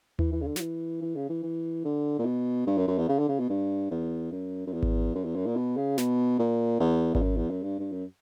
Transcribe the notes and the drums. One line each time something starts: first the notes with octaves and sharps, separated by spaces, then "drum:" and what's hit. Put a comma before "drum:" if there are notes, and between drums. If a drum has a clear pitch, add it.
E3, drum: tom D#2
E3
C#3
D3
F#3, drum: snare
E3
E3
C#3
E3
E3
D3
A#2
B2
G2
F#2
F#2
E2
C#3
D3
C#3
B2
G2
E2
F#2
F#2
E2
drum: kick G#1
F#2
E2
F#2
A#2
B2
C#3
B2, drum: snare
A#2
E2
E2, drum: kick G#1
F#2
E2
F#2
G2
G2
F#2